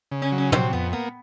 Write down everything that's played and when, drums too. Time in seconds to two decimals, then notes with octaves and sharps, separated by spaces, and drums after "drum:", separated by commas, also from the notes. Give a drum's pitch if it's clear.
0.12 C#3
0.22 C#4
0.32 F#3
0.38 C#4
0.52 C3 C4, drum: tom
0.73 F2 B3
0.93 A#3 B3